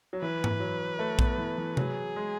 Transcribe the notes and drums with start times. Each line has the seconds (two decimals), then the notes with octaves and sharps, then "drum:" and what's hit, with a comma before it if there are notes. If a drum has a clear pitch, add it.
0.13 F#3
0.22 E3 B4
0.44 drum: tom G#2
0.60 F#3
0.99 A3
1.19 B3, drum: kick A#1
1.38 E3
1.58 E3
1.77 F#3 G#4, drum: tom C3
2.16 G#3